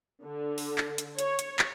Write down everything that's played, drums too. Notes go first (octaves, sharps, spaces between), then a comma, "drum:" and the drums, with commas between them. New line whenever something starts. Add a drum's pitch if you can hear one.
D3
drum: open hi-hat
drum: clap
drum: hi-hat
C#5, drum: hi-hat
drum: hi-hat
drum: clap